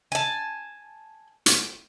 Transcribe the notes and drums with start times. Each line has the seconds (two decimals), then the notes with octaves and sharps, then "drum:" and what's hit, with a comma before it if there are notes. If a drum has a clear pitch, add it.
0.12 G#5 A5
1.46 drum: hi-hat